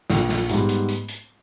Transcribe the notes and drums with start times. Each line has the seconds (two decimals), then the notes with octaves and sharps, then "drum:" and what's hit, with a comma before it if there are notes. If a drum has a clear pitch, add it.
0.10 A#1, drum: snare
0.29 drum: snare
0.49 G#2 G3 B3, drum: hi-hat
0.69 drum: hi-hat
0.89 drum: hi-hat
1.09 drum: hi-hat